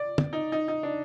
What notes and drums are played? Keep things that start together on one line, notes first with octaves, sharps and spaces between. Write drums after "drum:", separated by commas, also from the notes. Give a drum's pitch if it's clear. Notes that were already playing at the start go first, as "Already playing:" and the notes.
Already playing: D5
drum: tom
D#4
D#4
D#4
D4